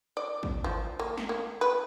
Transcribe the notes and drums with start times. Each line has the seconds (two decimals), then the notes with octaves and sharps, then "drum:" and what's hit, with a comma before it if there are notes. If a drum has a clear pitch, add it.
0.17 D5
0.43 drum: kick
0.64 F3
0.99 A#3
1.17 drum: snare
1.29 A#3
1.61 B4